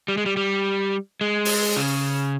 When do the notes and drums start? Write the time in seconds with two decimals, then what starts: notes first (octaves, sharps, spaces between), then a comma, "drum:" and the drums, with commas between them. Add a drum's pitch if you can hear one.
0.08 G3
0.18 G#3
0.26 G3
0.37 G3
1.21 G#3
1.45 drum: open hi-hat
1.76 C#3